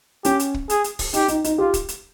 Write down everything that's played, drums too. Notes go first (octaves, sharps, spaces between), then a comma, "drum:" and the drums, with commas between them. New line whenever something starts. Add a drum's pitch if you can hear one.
C#4 G4, drum: hi-hat
drum: hi-hat
drum: kick
G#4, drum: hi-hat
drum: hi-hat
drum: kick, open hi-hat
D#4 G4, drum: hi-hat
D#4, drum: hi-hat
D#4, drum: hi-hat
F4 G4
drum: kick, hi-hat
drum: hi-hat